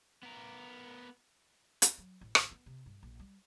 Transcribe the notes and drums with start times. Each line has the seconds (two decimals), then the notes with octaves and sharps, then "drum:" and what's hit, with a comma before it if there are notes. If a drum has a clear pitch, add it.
0.23 B3 A#4
1.82 drum: hi-hat
1.98 F#3
2.21 A1
2.35 drum: rim click
2.51 B3
2.66 C3
2.86 G2
3.03 A#1
3.19 G3